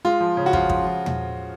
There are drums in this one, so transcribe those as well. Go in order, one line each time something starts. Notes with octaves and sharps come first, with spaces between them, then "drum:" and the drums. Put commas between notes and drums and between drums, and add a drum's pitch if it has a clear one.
G#3 F4
F3
C#3
F#4
F3 F4, drum: kick
F3, drum: kick
F3
drum: tom